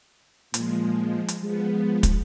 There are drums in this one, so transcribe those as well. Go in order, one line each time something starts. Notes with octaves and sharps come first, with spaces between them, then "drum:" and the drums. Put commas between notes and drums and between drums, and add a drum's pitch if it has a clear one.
A#2 F3 G#3, drum: hi-hat
drum: hi-hat
F3 G#3 B3
drum: kick, hi-hat